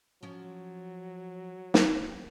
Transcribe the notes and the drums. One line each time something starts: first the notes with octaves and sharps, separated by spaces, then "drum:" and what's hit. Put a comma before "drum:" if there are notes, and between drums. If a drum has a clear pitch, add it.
F3 F#3 C#4
drum: snare